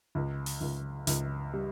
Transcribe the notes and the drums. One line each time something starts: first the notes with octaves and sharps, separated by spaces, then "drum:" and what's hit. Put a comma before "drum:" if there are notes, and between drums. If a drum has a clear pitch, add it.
C#2
drum: open hi-hat
C#2
C#2, drum: hi-hat
G3